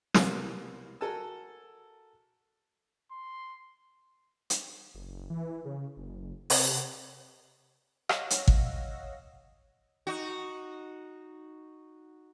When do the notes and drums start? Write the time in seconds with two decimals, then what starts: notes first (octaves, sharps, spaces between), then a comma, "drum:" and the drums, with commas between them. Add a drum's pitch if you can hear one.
0.14 C2 B2 E3 G3 A#3, drum: snare
1.01 F#4 A4 A#4 G#5 A5 E6
3.12 C6
4.50 drum: hi-hat
4.95 F#1
5.30 E3
5.65 C#3
5.97 F#1
6.50 C3, drum: open hi-hat
8.09 C#5 D#5 F5 F#5 E6 A#6, drum: rim click
8.30 drum: hi-hat
8.48 drum: kick
10.07 D#4 F#4